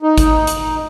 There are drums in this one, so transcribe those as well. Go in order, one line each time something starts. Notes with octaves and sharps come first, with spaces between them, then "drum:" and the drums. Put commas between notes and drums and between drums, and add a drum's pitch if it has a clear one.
D#4
drum: kick G#1, hi-hat
drum: hi-hat